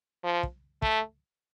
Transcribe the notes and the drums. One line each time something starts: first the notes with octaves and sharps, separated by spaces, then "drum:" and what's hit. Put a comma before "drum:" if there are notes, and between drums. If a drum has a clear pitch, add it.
F3
drum: kick
A3, drum: kick